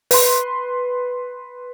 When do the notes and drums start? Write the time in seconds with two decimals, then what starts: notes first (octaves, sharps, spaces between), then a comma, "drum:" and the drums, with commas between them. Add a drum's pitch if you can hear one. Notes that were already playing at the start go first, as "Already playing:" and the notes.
0.11 B4 C6, drum: open hi-hat